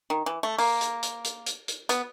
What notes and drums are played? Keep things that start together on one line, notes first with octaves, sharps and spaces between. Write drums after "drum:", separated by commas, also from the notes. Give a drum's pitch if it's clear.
D#3
E3
A3
A#3, drum: open hi-hat
drum: hi-hat
drum: hi-hat
drum: hi-hat
drum: hi-hat
drum: hi-hat
B3, drum: hi-hat